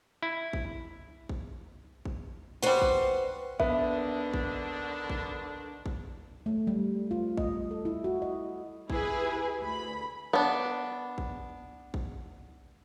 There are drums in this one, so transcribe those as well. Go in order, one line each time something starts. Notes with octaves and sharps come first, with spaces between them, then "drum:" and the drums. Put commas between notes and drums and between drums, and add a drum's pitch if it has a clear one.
E4
drum: kick
drum: kick
drum: kick
G3 F#4 B4 C5
drum: kick
D3 D#3 B3 D4 E5, drum: kick
drum: kick
drum: kick
drum: kick
A3
G3
F4
D#5, drum: kick
A4
E4
F#4
D#5
E4 G4 G#4 B4 G#5, drum: kick
D2 B5
B3 D4
drum: kick
drum: kick